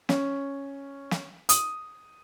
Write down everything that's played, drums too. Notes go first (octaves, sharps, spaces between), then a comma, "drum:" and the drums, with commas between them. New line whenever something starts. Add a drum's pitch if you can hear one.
C#4, drum: snare
drum: snare
D#6, drum: hi-hat